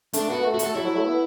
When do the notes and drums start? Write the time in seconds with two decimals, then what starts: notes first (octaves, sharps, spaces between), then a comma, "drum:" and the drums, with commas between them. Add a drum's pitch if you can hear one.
0.13 A3 D4, drum: hi-hat
0.29 B3 F#4
0.44 A3
0.54 F#4
0.59 A3 A4, drum: hi-hat
0.75 F#3 E4
0.85 F#3
0.95 A3
1.05 B3